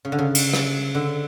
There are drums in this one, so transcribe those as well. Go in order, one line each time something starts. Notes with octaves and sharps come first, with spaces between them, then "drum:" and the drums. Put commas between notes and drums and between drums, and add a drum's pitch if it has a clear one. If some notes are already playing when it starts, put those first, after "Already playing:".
C#3
D3
C#3
drum: cymbal
drum: rim click
D3